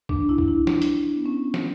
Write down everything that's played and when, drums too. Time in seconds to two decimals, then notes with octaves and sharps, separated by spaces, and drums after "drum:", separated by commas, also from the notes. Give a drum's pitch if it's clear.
0.09 D4, drum: kick B1
0.29 E4
0.38 drum: kick B1
0.48 E4
0.67 D4, drum: snare
0.82 drum: hi-hat
1.16 B3
1.26 C#4
1.44 C#4
1.54 drum: snare